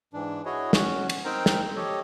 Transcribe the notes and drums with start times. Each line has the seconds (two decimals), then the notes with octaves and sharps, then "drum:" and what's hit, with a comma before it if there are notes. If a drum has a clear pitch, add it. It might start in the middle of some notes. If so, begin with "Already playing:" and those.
0.13 G#2 E3 D4
0.45 E4 F#4 G#4 C#5 D#5
0.73 C#4 F#4, drum: snare
1.09 drum: cymbal
1.25 C4 D#4 A#4 C5 G5 A#5
1.46 drum: snare
1.76 G4 A4 C#5 D#5